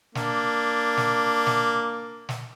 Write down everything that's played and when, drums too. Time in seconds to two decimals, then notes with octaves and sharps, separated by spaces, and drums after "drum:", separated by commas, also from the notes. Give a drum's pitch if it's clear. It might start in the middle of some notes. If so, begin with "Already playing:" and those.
0.15 A#3 D4, drum: snare
0.97 drum: snare
1.47 drum: snare
2.29 drum: snare